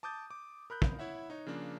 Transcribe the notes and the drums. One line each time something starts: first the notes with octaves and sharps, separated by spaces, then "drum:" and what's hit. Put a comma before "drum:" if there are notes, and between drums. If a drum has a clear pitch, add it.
A5 D6 D#6 G6 A6
D6
A#4 B5 F#6 G6
drum: kick
E4 C#5 E5 F#5
D#4 C#5
C#3 F3 A#3 D4